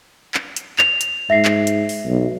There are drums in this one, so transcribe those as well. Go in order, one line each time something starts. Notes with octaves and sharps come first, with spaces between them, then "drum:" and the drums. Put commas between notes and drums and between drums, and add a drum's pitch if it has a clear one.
drum: clap
drum: hi-hat
F7, drum: clap
drum: hi-hat
G#2 E5 A#6 C7
drum: clap
drum: hi-hat
drum: open hi-hat
B1